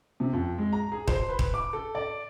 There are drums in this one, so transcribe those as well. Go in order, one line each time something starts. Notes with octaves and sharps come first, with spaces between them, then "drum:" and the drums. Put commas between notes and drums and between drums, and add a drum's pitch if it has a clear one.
C3
F2
G#3
A#5
G#4
C5, drum: kick D#1
B4
drum: kick D#1
D6
A4
D5